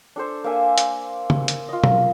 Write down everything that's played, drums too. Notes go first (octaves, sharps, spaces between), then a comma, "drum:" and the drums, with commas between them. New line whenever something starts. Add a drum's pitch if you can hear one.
D4 A4 C5
A#3 D4 E5 G#5
drum: hi-hat
drum: tom C#3
drum: hi-hat
F4 D#5
drum: tom